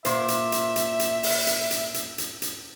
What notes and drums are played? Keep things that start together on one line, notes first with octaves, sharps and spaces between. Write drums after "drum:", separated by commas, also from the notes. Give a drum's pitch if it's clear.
A#2 C5 E5, drum: hi-hat
drum: hi-hat
drum: hi-hat
drum: hi-hat
drum: hi-hat
drum: open hi-hat
drum: hi-hat
drum: hi-hat
drum: hi-hat
drum: hi-hat
drum: hi-hat